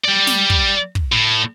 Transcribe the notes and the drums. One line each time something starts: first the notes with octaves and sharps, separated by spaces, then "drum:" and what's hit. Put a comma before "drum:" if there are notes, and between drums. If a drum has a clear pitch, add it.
G3 D5
drum: snare
drum: kick
drum: kick
A2